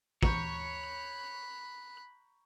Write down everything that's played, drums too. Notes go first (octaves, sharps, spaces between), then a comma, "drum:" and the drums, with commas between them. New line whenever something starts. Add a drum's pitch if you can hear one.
C#5 A#5 B5 C#6 F#6 G6, drum: kick